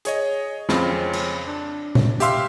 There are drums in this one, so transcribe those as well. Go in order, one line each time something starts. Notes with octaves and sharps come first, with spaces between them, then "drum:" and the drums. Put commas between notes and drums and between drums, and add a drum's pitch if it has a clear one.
G#4 C#5 D#5, drum: hi-hat
F2 C#3 C4 C#4 F4, drum: snare
drum: cymbal
D4
drum: tom A#2
G4 E5 F5 C6 E6 F6, drum: hi-hat